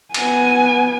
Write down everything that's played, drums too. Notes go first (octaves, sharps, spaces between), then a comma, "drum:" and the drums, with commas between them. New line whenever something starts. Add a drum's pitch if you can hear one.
B3 G#5, drum: cymbal